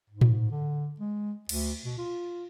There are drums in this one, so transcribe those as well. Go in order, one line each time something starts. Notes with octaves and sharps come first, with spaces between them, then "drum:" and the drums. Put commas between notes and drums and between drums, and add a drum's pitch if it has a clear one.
G#2
drum: tom A2
D3
G#3
D2, drum: cymbal
B2
F4